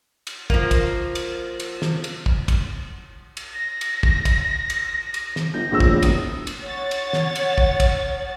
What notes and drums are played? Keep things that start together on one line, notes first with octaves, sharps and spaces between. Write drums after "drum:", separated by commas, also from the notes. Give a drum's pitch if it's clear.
drum: cymbal
F3 A#3, drum: kick
drum: kick, cymbal
drum: cymbal
drum: cymbal
drum: snare
drum: cymbal
drum: kick
drum: kick, cymbal
drum: cymbal
A#6
drum: cymbal
drum: kick
drum: kick, cymbal
drum: cymbal
drum: cymbal
drum: snare
G1 G6 A#6
E1 A#1 A2 E6
drum: kick
E1 D#6, drum: kick, cymbal
drum: cymbal
C#5 F#5 A6
drum: cymbal
drum: snare
drum: cymbal
drum: kick
drum: kick, cymbal